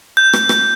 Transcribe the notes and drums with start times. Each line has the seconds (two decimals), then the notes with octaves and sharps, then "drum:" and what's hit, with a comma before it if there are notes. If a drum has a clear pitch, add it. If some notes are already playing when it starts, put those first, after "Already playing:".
0.17 G6
0.33 drum: rim click
0.49 drum: rim click